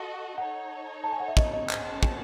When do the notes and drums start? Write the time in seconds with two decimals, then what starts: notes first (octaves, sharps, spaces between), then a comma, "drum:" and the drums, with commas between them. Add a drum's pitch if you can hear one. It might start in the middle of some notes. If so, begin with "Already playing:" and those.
Already playing: F#4 A4 D#5
0.38 D#4 A4 C#5 F#5
1.04 A5
1.12 G#5
1.20 F#5
1.28 E5
1.37 D#5, drum: kick
1.53 D#5
1.70 C#4 G#4 C5 F#5 A5, drum: clap
2.03 drum: kick